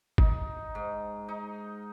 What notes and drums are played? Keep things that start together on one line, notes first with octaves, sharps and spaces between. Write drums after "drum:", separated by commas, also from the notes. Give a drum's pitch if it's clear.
D#4, drum: kick
G#2
D#4